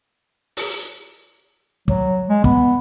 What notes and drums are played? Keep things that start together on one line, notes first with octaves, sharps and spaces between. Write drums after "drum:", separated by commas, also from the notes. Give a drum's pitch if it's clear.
drum: open hi-hat
F#3, drum: kick
G#3
B3, drum: kick